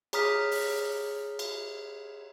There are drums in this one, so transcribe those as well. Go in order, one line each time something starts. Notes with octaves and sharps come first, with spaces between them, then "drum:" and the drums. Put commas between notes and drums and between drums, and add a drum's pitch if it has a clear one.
G#4 C#5 A#5 D#6 F6 B6, drum: cymbal
drum: open hi-hat
drum: cymbal